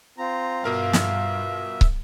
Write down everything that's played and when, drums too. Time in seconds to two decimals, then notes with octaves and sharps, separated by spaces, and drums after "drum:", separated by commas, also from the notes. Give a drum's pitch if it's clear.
0.18 C4 F4 A#5
0.64 G2 B2 A#4 E5 F5
0.93 drum: snare
1.81 drum: kick